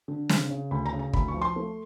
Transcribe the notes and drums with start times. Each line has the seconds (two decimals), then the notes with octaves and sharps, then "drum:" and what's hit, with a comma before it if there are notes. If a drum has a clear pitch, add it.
0.08 D3
0.29 C#3, drum: snare
0.50 C#3
0.71 D2 B5
0.86 A#5
0.92 C#3
0.99 A#5
1.13 D2 B5, drum: kick
1.28 C#6
1.34 F3
1.42 C6
1.56 A3